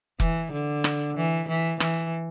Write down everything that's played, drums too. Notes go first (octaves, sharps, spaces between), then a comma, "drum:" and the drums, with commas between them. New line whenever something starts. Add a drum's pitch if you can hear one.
E3, drum: kick F1
D3
drum: rim click
E3
E3
E3, drum: rim click